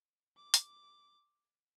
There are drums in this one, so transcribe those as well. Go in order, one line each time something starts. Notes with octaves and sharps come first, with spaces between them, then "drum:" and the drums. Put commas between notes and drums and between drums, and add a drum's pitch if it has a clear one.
D6
drum: hi-hat